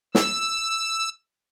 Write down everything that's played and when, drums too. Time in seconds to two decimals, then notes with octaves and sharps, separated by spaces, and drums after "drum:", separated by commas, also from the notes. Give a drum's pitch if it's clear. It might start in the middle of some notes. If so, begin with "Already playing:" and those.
0.15 E6, drum: snare